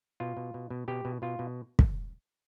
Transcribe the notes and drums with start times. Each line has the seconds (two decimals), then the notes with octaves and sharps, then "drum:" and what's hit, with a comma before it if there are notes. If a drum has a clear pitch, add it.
0.20 B2 F4
0.37 B2
0.54 B2
0.70 B2
0.88 B2 G4
1.05 B2
1.22 B2 F4
1.39 B2
1.79 drum: kick